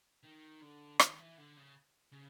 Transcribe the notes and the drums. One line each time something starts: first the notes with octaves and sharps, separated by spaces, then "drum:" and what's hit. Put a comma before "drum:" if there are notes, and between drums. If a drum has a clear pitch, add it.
D#3
D3
D#3, drum: rim click
E3
D3
C#3
C#3